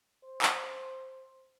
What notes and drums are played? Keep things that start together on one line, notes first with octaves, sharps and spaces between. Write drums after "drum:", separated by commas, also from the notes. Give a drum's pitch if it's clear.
C5
drum: clap